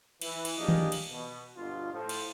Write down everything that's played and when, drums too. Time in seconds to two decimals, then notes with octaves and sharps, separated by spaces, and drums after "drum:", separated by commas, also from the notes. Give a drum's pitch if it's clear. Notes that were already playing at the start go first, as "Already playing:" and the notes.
0.21 E3, drum: cymbal
0.45 drum: cymbal
0.57 F3 A#3 D4 G4 G#4 D#5
0.68 drum: tom D#3
0.92 drum: cymbal
1.11 B2
1.56 G1 B2 F4
1.93 A2 F3
2.09 drum: cymbal